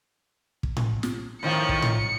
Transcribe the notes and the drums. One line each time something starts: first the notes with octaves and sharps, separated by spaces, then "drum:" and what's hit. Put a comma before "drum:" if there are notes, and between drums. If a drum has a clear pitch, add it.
drum: kick
drum: tom A2
drum: snare
A2 D#3 F3 C#7
drum: kick
drum: tom A2